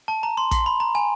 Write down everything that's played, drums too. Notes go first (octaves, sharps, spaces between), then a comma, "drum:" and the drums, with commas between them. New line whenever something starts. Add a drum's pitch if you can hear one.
A5
A#5
C6
C6, drum: kick, hi-hat
B5
A#5
G#5